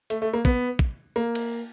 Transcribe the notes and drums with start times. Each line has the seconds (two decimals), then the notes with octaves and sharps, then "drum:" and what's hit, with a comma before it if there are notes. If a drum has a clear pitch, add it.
0.10 A3, drum: hi-hat
0.22 A3
0.33 A#3
0.45 B3, drum: kick
0.79 drum: kick
1.16 A#3
1.35 drum: cymbal